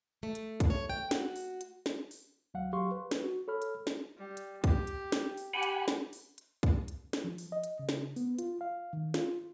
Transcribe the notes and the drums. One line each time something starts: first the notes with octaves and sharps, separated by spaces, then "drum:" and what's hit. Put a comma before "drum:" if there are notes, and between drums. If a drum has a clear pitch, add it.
A3
drum: hi-hat
drum: kick, hi-hat
C#5
G5
F#4, drum: snare
drum: open hi-hat
drum: hi-hat
drum: snare
drum: open hi-hat
D2 F#3 F5 F#5
F#3 G4 F5 C6 C#6
B4
drum: snare
F#4
A4 C#5 B5 F6
drum: hi-hat
drum: snare
G3
drum: hi-hat
G4, drum: kick, hi-hat
drum: hi-hat
drum: snare
drum: open hi-hat
G4 F#5 G#5 B5
drum: hi-hat
drum: snare
drum: open hi-hat
drum: hi-hat
drum: kick, hi-hat
drum: hi-hat
drum: snare
F3
drum: open hi-hat
D#5
drum: hi-hat
C#3
drum: snare
B3, drum: open hi-hat
F4, drum: hi-hat
F5
D#3
F4, drum: snare